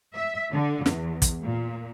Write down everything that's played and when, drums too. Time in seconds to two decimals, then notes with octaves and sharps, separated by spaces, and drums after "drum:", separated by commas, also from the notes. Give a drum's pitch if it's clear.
0.15 E5
0.52 D3
0.86 E2, drum: snare
1.22 drum: kick, hi-hat
1.42 A#2